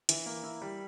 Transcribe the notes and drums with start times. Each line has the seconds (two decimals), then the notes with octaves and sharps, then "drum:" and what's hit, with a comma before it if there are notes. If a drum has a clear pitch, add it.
0.09 E3, drum: hi-hat
0.26 A#3
0.43 E4
0.62 G3